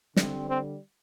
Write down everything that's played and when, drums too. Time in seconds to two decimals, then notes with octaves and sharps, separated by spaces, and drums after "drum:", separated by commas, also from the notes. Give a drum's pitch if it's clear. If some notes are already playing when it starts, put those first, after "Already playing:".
0.16 D3 G3 C4, drum: snare
0.49 C4